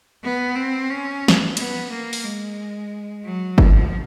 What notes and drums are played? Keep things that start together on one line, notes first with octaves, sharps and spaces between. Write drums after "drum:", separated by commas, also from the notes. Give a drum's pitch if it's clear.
B3
C4
C#4
drum: snare
B3, drum: cymbal
A#3
drum: open hi-hat
G#3
F#3
F3, drum: kick G1